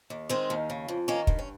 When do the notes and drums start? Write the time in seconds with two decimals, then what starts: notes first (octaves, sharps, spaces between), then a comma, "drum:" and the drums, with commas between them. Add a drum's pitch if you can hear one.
0.10 D#2
0.29 D#3 G#3 C4
0.50 D#2
0.70 C#3
0.88 F2
1.08 D#3 A#3 C#4
1.27 G2, drum: kick
1.39 C#4